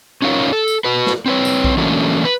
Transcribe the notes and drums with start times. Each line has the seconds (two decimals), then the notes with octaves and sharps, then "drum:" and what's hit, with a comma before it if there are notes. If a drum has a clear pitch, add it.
0.22 C#4 D#4 F4 G#4 A#4 C#5
0.53 A4
0.68 drum: tambourine
0.84 F#4 B4
1.06 drum: snare
1.26 C4 B4 C#5
1.45 drum: tambourine
1.64 drum: kick B1
1.77 E3 F#3 A3 A#3 C#4 D4
2.25 B4